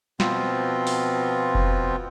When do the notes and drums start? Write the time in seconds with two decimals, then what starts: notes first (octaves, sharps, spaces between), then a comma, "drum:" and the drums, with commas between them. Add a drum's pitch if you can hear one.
0.20 B2 F3 B3 C4 F4, drum: snare
0.87 drum: open hi-hat
1.55 drum: kick F1